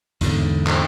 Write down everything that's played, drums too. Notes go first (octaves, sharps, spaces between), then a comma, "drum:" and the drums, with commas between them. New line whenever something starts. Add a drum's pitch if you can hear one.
E2 G#2 D3, drum: hi-hat
drum: clap